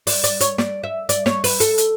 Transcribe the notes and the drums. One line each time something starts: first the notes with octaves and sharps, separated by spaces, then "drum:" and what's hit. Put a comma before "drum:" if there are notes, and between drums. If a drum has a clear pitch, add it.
D5, drum: open hi-hat
D5, drum: hi-hat
C#5, drum: hi-hat
D5, drum: snare
E5
D5, drum: hi-hat
C#5, drum: snare
B4, drum: open hi-hat
A4, drum: hi-hat
drum: hi-hat